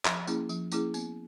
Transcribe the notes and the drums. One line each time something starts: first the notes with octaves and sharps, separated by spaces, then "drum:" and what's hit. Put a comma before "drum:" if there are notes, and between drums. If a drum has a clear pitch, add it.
F3, drum: clap
A#3 C#4 E4 G#4, drum: tambourine
F3, drum: tambourine
A#3 C#4 E4 G#4, drum: tambourine
B3, drum: tambourine